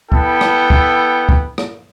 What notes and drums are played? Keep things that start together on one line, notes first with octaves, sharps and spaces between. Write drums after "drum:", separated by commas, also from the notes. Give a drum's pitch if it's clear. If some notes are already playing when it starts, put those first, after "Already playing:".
B3 E4 A4 G5, drum: kick
drum: rim click
drum: kick
drum: kick
drum: rim click